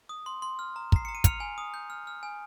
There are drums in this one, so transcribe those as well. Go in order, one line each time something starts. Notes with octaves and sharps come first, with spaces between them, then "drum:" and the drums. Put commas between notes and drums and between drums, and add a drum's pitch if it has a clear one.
D#6
C6
C6
F6
A#5
A#5 C7, drum: kick
A#5 C#7
D#7
F6 C#7 F7, drum: kick, hi-hat
G#5
D#6
G6
F6
F6
G#5